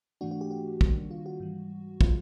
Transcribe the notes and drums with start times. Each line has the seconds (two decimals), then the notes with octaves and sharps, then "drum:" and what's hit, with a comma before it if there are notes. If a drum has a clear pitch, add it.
0.21 G#2 E3 A3 D4 F#4
0.31 F#4
0.41 G4
0.51 F#4
0.81 D#3 G3 A#3 D4, drum: kick
1.11 F4
1.26 F#4
1.40 G#2 E3 G3
2.01 C3 F3 G#3 F4, drum: kick